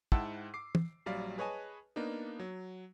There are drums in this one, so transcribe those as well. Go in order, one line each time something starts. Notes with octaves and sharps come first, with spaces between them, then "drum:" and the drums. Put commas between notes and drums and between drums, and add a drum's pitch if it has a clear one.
G#2 E4 F#5 G5 A5 E6, drum: kick
D6 C7
drum: tom
A#1 F#3 G3 D5 F5
G#4 B4 C#5 D#5 G#5 A5
A#3 B3 D4 D#4
F#3